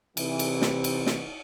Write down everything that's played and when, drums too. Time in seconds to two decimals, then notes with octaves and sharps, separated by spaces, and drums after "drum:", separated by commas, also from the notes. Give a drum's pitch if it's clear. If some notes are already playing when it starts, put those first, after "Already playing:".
0.17 C3 E3, drum: cymbal
0.39 drum: cymbal
0.62 drum: snare
0.84 drum: cymbal
1.07 drum: snare